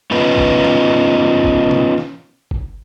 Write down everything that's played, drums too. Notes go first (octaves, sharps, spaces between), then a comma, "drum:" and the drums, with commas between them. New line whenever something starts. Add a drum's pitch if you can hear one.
B3 C#4 D#4 F4 B4
drum: kick F#1
drum: snare
drum: kick F#1
drum: tom B2
drum: snare
drum: kick F#1